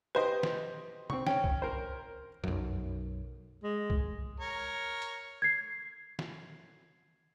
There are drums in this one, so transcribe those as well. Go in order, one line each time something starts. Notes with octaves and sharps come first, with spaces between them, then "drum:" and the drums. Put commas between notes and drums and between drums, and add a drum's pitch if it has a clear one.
G4 B4 C5 D#5
drum: snare
C4 C#6, drum: tom C3
C#4 G5, drum: snare
drum: kick C2
A#4 C5
B1 F#2, drum: tom
G#3
drum: kick C2
A#4 C#5 A#5
drum: hi-hat
G#6 C7
drum: snare